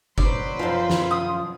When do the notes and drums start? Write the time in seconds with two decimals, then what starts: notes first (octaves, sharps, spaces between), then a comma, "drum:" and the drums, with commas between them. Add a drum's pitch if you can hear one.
0.18 F#3 B4 C5 D5, drum: kick F#1
0.59 F#2 F3 F4
0.90 drum: snare
1.11 D#6